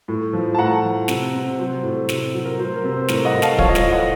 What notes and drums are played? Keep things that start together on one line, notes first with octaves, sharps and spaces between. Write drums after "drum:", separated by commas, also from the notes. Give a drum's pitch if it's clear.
A2
F3
A5
A2 F#5 A#5
F3
C3, drum: snare
C3
F#3 C5
A2
C3, drum: snare
F#3
A#4
F#3 C5
A#4
C3
C5
A2 A#4, drum: snare
D#5 F#5
A2
F5 A5, drum: snare
F3 C#5 F5, drum: kick
D#5
C#5 F5, drum: snare
A2
D#5 F#5